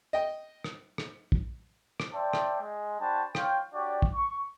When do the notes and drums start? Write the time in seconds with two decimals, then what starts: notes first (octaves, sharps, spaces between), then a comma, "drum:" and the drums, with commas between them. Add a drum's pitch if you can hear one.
0.13 D#5 G5
0.64 drum: rim click
0.98 drum: rim click
1.32 drum: kick
2.00 drum: rim click
2.14 C5 D5 E5 G5 A5 C6
2.33 drum: rim click
2.61 G#3
3.00 D4 F#4 C5 G5 A5 B5
3.35 F4 C#5 F5 G5, drum: rim click
3.74 D4 F#4 G4 C#5 D5
4.02 drum: kick
4.13 C#6